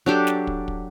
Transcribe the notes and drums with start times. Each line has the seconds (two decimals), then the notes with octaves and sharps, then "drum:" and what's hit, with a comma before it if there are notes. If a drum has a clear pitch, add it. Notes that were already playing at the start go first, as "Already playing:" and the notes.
0.06 F#3 D4 G4 A4
0.27 drum: snare
0.47 drum: kick
0.68 drum: kick